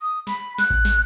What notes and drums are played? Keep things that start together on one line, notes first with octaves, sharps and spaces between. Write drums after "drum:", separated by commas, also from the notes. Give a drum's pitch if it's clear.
D#6
B5, drum: snare
F#6, drum: snare
drum: kick A1
drum: snare